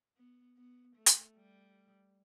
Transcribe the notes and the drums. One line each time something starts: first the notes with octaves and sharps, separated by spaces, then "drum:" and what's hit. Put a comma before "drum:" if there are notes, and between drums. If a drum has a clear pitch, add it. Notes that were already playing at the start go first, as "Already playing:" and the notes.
B3
B3
A3
drum: hi-hat
G3